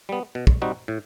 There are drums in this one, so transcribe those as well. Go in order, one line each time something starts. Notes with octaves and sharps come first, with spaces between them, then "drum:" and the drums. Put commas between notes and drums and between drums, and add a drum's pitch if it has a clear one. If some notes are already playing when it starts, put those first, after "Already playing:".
G3 B3
B2
drum: kick
G3 C4 D#4 F#4
A2